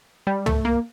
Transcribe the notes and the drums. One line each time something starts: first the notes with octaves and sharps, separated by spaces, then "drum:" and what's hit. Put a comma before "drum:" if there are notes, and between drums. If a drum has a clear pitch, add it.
G3
A3, drum: tom
A#3